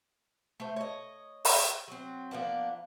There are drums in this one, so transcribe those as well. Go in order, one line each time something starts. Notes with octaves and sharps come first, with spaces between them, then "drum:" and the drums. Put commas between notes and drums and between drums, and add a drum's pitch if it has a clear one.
A3 C5
C#5 D#5
drum: open hi-hat
F#3 C4
F3 A#3 B3 D4